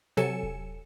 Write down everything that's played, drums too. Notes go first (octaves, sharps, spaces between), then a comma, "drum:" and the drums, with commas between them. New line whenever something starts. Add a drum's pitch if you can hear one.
C3 F#3 A4 G#5 C#7 E7
drum: kick D#1